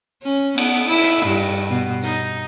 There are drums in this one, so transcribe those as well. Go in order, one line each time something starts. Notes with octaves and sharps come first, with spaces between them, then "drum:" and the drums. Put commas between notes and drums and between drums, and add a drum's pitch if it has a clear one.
C#4
B3, drum: cymbal
E4
drum: hi-hat
G2
B2
D#4, drum: hi-hat